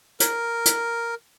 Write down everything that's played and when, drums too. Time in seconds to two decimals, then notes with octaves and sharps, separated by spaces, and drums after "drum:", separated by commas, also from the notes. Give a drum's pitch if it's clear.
0.20 A#4, drum: hi-hat
0.66 drum: hi-hat